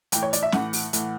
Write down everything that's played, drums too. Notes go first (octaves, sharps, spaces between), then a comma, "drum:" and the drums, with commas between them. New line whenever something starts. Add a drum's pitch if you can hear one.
A2 E3 G5, drum: hi-hat
C#5
D5, drum: hi-hat
E5
A2 E3 F#5, drum: snare
drum: open hi-hat
A2 E3, drum: hi-hat